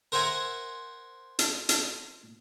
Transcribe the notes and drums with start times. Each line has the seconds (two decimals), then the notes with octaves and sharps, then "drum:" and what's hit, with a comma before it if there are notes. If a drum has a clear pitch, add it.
0.12 A#4 C5 E5 F#5 G#5 A#5
1.39 drum: hi-hat
1.69 drum: hi-hat